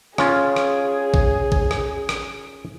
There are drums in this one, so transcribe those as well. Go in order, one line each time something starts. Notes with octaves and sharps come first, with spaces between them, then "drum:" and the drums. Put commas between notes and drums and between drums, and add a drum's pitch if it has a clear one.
C#4 F4 G#4, drum: rim click
drum: rim click
drum: kick
drum: kick
drum: rim click
drum: rim click